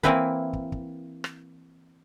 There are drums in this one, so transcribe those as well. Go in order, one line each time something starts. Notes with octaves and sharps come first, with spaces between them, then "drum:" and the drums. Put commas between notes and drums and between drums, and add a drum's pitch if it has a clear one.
E3 A#3 C4 E4 B4, drum: kick
drum: kick
drum: kick
drum: rim click